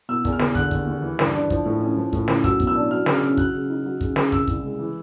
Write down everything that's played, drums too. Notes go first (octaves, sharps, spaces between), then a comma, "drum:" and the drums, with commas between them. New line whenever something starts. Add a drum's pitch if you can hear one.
B2 E6
E2, drum: kick
F6
E2, drum: snare
D3 F#6, drum: kick
D#2, drum: kick
D#2
E3
G2, drum: snare
D4
F3, drum: kick
A2
C#4
F3
A2, drum: kick
C#4, drum: snare
F#3 E6, drum: kick
B2, drum: kick
E6
D4
F#3 F6
C#3, drum: snare
F6
C#4
F#3 F#6, drum: kick
C#3
D#4
F#3
C#3, drum: kick
C#3, drum: snare
C3 E6, drum: kick
C2, drum: kick
G#3
E3